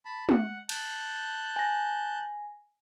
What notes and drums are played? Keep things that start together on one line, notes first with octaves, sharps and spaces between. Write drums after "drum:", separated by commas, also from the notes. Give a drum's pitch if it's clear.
A5 B5
F#5, drum: tom
A5 F#6 G6, drum: cymbal
G#5 A#6